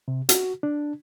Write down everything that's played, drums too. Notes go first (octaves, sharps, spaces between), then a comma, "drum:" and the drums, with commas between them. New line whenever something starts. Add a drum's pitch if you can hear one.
C3
F#4, drum: hi-hat
D4